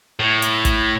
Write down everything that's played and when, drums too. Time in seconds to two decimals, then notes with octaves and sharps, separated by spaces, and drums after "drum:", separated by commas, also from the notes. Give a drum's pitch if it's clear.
0.20 A2
0.42 drum: hi-hat
0.65 drum: kick, hi-hat